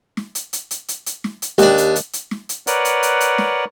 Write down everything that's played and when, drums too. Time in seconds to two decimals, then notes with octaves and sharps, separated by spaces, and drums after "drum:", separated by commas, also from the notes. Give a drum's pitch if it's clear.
0.17 drum: snare
0.35 drum: hi-hat
0.53 drum: hi-hat
0.71 drum: hi-hat
0.88 drum: hi-hat
1.06 drum: hi-hat
1.24 drum: snare
1.42 drum: hi-hat
1.58 D#2 D4 G4, drum: hi-hat
1.78 drum: hi-hat
1.96 drum: hi-hat
2.13 drum: hi-hat
2.31 drum: snare
2.49 drum: hi-hat
2.67 A#4 B4 C#5 D5 F#5, drum: hi-hat
2.85 drum: hi-hat
3.03 drum: hi-hat
3.20 drum: hi-hat
3.38 drum: snare